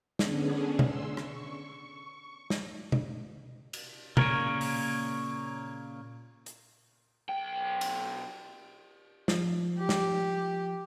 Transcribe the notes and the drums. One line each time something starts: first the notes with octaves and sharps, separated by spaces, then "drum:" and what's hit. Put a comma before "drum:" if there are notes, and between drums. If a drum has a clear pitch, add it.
D3 B3 C#4 D4 G#4, drum: snare
C6 E6, drum: tom B2
C#6, drum: rim click
drum: snare
drum: tom B2
drum: cymbal
A#2 C#3 A#3 A#4 C#5, drum: tom B2
drum: open hi-hat
drum: hi-hat
B1 G5
drum: cymbal
F3, drum: snare
G4
drum: snare